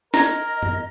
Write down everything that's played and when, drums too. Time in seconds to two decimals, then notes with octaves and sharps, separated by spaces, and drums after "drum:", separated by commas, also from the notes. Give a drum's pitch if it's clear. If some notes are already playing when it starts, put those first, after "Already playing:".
0.14 A#4 D#5 A#5 G#6 A#6, drum: snare
0.62 drum: tom